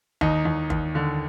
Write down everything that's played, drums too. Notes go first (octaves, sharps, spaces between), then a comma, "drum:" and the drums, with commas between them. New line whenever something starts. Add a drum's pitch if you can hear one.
D#2 D#4, drum: kick G1
D#2
D#2, drum: kick G1
D3